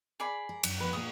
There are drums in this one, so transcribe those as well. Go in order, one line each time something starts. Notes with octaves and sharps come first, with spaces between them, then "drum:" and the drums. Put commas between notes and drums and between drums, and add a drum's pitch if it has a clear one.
G#4 D5 B5
A#4
F#2, drum: cymbal
F2 B3 B4
A#2 A#3 D#6